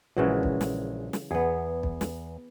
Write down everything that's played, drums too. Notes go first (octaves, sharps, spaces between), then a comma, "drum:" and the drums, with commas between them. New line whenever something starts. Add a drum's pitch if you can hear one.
A#1 C#3 E3 F#3 G#3
drum: kick B1
drum: snare
drum: snare
E2 B3 G#4
drum: kick B1
drum: snare